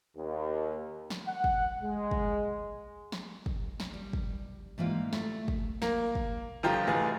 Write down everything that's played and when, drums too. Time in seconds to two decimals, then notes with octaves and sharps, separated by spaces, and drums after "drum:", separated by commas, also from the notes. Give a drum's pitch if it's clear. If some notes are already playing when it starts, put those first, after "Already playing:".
0.17 D#2
1.10 drum: snare
1.28 F#5
1.44 drum: kick
1.82 G#3
2.11 drum: kick
3.12 drum: snare
3.46 drum: kick
3.80 drum: snare
3.94 G3
4.13 drum: kick
4.78 G#2 E3 G3 A#3 F4
5.13 A3, drum: snare
5.48 drum: kick
5.82 A#3, drum: snare
6.15 drum: kick
6.63 G1 F3 F4 G4 A#5
6.87 F1 A2 E3 G#4 A6